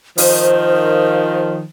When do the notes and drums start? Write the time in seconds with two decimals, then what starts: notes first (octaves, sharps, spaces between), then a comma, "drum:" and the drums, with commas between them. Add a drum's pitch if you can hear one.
0.18 D#3 F3 C5, drum: open hi-hat